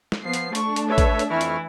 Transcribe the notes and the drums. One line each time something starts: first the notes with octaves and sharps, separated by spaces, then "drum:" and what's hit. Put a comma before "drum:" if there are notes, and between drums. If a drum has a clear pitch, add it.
drum: snare
F3 B3 C7
drum: hi-hat
A3 D4 C#6, drum: hi-hat
drum: hi-hat
A4 B4 C#5 E5
drum: kick, hi-hat
drum: hi-hat
F2 E3 E4 C#6 F6
drum: hi-hat